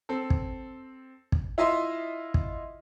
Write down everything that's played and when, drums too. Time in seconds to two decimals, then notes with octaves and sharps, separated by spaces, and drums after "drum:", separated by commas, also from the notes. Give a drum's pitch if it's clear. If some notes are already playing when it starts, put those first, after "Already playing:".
0.09 C4 A4
0.30 drum: kick
1.32 drum: kick
1.58 E4 F4 D#5 E5 C6
2.34 drum: kick